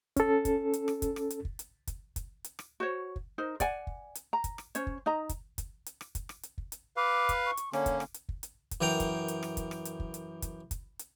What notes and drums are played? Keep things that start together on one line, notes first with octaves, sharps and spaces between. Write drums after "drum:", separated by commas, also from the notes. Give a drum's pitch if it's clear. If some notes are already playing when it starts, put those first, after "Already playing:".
C#4 A4, drum: kick, hi-hat
drum: kick, hi-hat
drum: hi-hat
drum: rim click
drum: kick, hi-hat
drum: rim click
drum: hi-hat
drum: kick
drum: hi-hat
drum: kick, hi-hat
drum: kick, hi-hat
drum: hi-hat
drum: rim click
F#4 C5 C#5
drum: kick
D#4 A#4 C5
D5 F#5 G#5, drum: kick, hi-hat
drum: kick
drum: hi-hat
A#5
drum: kick, hi-hat
drum: rim click
C#4 C5 C#5, drum: hi-hat
drum: kick
D#4 D#5 A#5
drum: kick, hi-hat
drum: kick, hi-hat
drum: hi-hat
drum: rim click
drum: kick, hi-hat
drum: rim click
drum: hi-hat
drum: kick
drum: hi-hat
B4 F5 D6
drum: kick, hi-hat
C#6
drum: hi-hat
D3 A#3 C#4 C#5, drum: rim click
drum: kick, hi-hat
drum: rim click
drum: hi-hat
drum: kick
drum: hi-hat
drum: kick, hi-hat
F#2 E3 A#4 G5 A#5
drum: kick, hi-hat
drum: hi-hat
drum: rim click
drum: kick, hi-hat
drum: rim click
drum: hi-hat
drum: kick
drum: hi-hat
drum: kick, hi-hat
drum: kick, hi-hat
drum: hi-hat